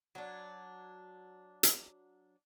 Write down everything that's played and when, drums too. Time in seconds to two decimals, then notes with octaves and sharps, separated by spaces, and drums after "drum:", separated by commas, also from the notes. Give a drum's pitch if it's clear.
0.15 F#3 D4
1.63 drum: hi-hat